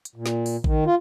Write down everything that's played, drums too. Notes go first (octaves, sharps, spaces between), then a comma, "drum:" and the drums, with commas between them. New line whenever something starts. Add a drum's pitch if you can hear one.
drum: hi-hat
A#2
drum: snare
drum: open hi-hat
D#3, drum: kick A1
F4